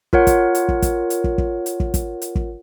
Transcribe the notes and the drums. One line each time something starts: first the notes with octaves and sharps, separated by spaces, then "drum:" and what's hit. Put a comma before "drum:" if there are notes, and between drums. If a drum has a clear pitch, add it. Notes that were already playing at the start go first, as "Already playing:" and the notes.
F4 A#4 C#5 F#5, drum: kick
drum: kick, hi-hat
drum: hi-hat
drum: kick
drum: kick, hi-hat
drum: hi-hat
drum: kick
drum: kick
drum: hi-hat
drum: kick
drum: kick, hi-hat
drum: hi-hat
drum: kick